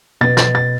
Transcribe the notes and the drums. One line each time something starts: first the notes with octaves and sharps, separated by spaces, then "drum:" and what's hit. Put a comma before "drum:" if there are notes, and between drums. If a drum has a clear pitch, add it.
B2 B3 A6
A6, drum: snare
A6